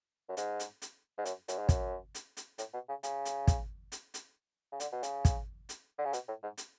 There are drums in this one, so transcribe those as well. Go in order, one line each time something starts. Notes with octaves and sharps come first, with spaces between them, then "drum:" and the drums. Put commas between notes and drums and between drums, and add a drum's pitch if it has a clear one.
F#2
G#2, drum: hi-hat
drum: hi-hat
drum: hi-hat
G#2
F#2, drum: hi-hat
F#2, drum: hi-hat
G#2
F#2, drum: kick, hi-hat
drum: hi-hat
drum: hi-hat
A2, drum: hi-hat
B2
C#3
C#3, drum: hi-hat
drum: hi-hat
drum: kick, hi-hat
drum: hi-hat
drum: hi-hat
C#3
D3, drum: hi-hat
B2
C#3, drum: hi-hat
drum: kick, hi-hat
drum: hi-hat
D3
C#3
B2, drum: hi-hat
A2
G#2
drum: hi-hat